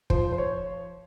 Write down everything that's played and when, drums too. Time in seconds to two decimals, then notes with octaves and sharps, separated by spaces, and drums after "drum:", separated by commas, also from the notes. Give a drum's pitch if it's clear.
0.10 F3 C5, drum: kick
0.32 C5
0.38 C#5